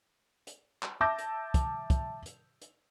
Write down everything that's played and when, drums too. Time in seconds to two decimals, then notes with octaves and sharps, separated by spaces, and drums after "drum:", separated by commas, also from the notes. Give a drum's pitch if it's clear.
0.47 drum: hi-hat
0.83 drum: clap
1.01 E5 A5 D6 E6 G6 A#6
1.18 drum: hi-hat
1.54 drum: kick, hi-hat
1.90 drum: kick, hi-hat
2.26 drum: hi-hat
2.62 drum: hi-hat